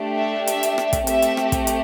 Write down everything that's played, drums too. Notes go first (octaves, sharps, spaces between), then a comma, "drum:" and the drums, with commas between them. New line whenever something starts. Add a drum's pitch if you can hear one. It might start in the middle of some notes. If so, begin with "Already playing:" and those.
Already playing: A3 D4 G4
E5
E5, drum: hi-hat
drum: hi-hat
drum: rim click
drum: kick, hi-hat
A3 C4 G4 E5, drum: hi-hat
drum: hi-hat
drum: rim click
drum: kick, hi-hat
drum: hi-hat